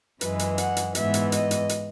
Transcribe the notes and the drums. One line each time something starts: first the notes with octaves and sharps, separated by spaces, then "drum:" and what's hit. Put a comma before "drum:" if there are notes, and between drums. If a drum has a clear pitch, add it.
F#2 E3 G#3 B4, drum: hi-hat
drum: hi-hat
F#5, drum: hi-hat
drum: hi-hat
G#2 E3 B3 E5, drum: hi-hat
drum: hi-hat
D#5, drum: hi-hat
drum: hi-hat
drum: hi-hat